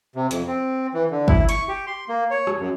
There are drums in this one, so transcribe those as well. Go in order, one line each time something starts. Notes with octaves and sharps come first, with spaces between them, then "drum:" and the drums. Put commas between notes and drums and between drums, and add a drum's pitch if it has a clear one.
C3
F2, drum: hi-hat
C4
E3
D3
E4, drum: kick
C#6, drum: hi-hat
G4
C6
A#3
C#5
drum: rim click
F#2